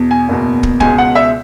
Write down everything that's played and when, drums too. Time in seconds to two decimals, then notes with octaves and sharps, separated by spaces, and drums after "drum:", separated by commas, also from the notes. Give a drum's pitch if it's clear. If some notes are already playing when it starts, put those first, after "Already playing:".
Already playing: E2 B2
0.11 G#5
0.28 F#1 E2 B2
0.63 drum: kick
0.80 C#2 B2 G#3 G#5, drum: kick
0.98 F#5
1.15 E5